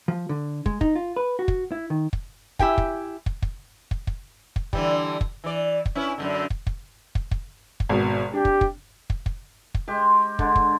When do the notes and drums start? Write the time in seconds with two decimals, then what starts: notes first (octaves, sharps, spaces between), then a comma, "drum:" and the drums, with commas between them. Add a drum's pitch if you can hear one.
0.08 F3
0.29 D3
0.66 G#3, drum: kick
0.81 D#4, drum: kick
0.95 F4
1.16 B4
1.39 F#4
1.48 drum: kick
1.72 E4
1.90 D#3
2.13 drum: kick
2.59 E4 G4 G5 G#5, drum: kick
2.78 drum: kick
3.26 drum: kick
3.42 drum: kick
3.91 drum: kick
4.07 drum: kick
4.56 drum: kick
4.73 D3 E3 G3, drum: kick
5.21 drum: kick
5.44 E3 D5
5.86 drum: kick
5.95 C#4 E4 B4
6.18 F#2 A#2 D3
6.50 drum: kick
6.67 drum: kick
7.15 drum: kick
7.31 drum: kick
7.80 drum: kick
7.89 G#1 B2
8.34 D4 G4
8.45 drum: kick
8.61 drum: kick
9.10 drum: kick
9.26 drum: kick
9.74 drum: kick
9.88 G#3 G4 C5
10.39 D3 G#3, drum: kick
10.56 drum: kick